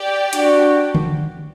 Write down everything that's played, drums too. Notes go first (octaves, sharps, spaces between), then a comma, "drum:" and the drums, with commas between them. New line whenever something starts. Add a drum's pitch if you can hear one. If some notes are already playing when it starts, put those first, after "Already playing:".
Already playing: G4 D5 G5
D4 F#4, drum: hi-hat
drum: tom D3